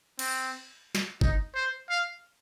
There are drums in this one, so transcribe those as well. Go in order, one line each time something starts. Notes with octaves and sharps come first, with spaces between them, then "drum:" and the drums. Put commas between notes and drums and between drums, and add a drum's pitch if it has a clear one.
C4, drum: cymbal
drum: snare
D#4, drum: kick F#1
C5
F5